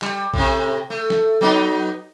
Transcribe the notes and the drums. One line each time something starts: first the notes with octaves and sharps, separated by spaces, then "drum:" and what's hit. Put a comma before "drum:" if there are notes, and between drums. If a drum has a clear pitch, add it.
G3, drum: clap
A2 C3, drum: kick A#1
A3
drum: snare
F#3 B3 D#4